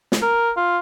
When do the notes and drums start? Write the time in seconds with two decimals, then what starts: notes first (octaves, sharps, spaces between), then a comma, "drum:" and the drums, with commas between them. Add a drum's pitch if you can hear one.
0.12 drum: snare
0.22 A#4
0.57 F4